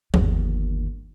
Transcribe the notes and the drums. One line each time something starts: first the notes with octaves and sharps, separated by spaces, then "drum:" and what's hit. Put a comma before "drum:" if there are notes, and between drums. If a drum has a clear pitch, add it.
G1 D#2, drum: tom F3